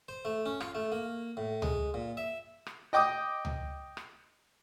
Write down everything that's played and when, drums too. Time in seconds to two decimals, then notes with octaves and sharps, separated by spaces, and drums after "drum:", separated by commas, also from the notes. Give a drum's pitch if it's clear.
0.08 C5
0.25 A3
0.46 C#4
0.61 F4, drum: rim click
0.75 A3
0.92 A#3
1.37 A2
1.62 G#3, drum: tom C#2
1.94 A#2
2.17 E5
2.66 drum: rim click
2.93 D#5 G5 D6 D#6
3.45 drum: tom C#2
3.97 drum: rim click